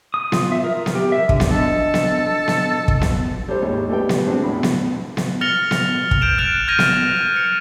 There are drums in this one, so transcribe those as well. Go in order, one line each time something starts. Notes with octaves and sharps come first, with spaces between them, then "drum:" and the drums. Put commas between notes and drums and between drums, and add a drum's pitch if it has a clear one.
D#6
F4, drum: snare B3
E5
A#4
drum: snare B3
G4
E5
D3, drum: kick
drum: snare B3
D4 A4 D#5
drum: snare B3
drum: snare B3
drum: kick
drum: snare B3
G3 A4 C5
D#2 G#2 G3 C#5
G3 A3 B3 G5
drum: snare B3
G#3 C4 D4 F#4
E2 A2 B5
drum: snare B3
drum: snare B3
F6 A6 A#6 C#7 F7 G7
drum: snare B3
drum: kick
G6 D7 E7
F6 F#6 A6 D7 E7 F7
F6 G6 G#6 A#6 D#7 F7
drum: snare B3
C#7